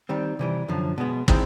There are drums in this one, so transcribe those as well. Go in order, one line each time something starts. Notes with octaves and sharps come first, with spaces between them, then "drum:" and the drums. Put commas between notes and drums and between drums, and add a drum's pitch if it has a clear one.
D#3 G3 C4
C3 E3 G3
F#2 D3 F3
B2 G#3 B3
D#3 G#3 C4 E4, drum: kick